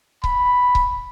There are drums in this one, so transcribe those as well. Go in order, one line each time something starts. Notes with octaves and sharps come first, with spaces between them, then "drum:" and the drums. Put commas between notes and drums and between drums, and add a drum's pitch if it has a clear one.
B5, drum: kick C#1
drum: kick C#1